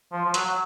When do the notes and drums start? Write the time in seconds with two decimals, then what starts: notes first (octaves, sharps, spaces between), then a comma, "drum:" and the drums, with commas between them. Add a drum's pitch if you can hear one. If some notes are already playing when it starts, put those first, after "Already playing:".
0.12 F3
0.25 F3
0.34 F#3, drum: hi-hat
0.45 F#3